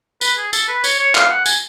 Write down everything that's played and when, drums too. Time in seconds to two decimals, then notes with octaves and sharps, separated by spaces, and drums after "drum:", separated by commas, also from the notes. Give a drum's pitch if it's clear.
0.21 B4, drum: tambourine
0.38 G#4
0.53 A4, drum: tambourine
0.68 B4
0.84 C#5, drum: tambourine
0.99 C#5
1.15 F5, drum: clap
1.30 F#5
1.46 G#5, drum: tambourine